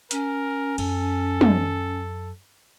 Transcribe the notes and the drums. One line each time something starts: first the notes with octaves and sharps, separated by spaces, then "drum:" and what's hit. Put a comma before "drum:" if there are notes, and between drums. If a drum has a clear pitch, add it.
C#4 A#4, drum: hi-hat
F#2 A4, drum: cymbal
drum: tom